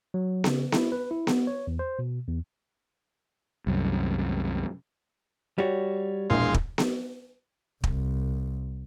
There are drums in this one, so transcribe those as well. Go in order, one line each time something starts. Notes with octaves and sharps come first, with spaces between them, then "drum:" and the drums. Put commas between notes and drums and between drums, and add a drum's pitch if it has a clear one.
F#3
C#3, drum: snare B3
E4, drum: snare B3
B4
E4
B3, drum: snare B3
C#5
E2
C5
B2
E2
C2 F#2
G3 F#4 C#5
E1 A#1 E2 G#3 F5 C6
drum: kick
drum: snare B3
C2, drum: kick